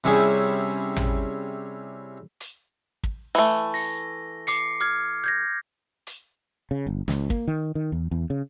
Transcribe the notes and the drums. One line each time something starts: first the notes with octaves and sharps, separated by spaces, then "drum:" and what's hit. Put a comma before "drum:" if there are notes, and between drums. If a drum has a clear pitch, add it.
C3 G3 C#4 E4 G#4
drum: tom
drum: hi-hat
drum: kick
E3 A3, drum: open hi-hat
A#6, drum: open hi-hat
D6 C7 C#7, drum: hi-hat
D6 F6 G#6
G6 G#6 A#6
drum: hi-hat
C#3
G1
C#2, drum: snare
A#3, drum: kick
D#3
D#3
E2
E2
C#3